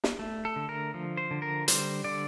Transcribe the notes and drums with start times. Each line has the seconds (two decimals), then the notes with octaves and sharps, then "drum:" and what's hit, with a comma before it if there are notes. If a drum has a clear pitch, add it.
0.04 drum: snare
0.19 A3
0.45 A4
0.56 D3
0.69 A#4
0.94 F3
1.17 C5
1.31 D3
1.42 A#4
1.68 G3 C5, drum: hi-hat
2.04 D3 D5